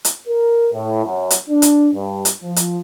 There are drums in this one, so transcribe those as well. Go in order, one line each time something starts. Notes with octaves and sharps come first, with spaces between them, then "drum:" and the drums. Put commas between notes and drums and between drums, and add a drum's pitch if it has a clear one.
drum: hi-hat
A#4
A2
F#2
drum: hi-hat
D4
drum: hi-hat
G2
drum: hi-hat
F3
drum: hi-hat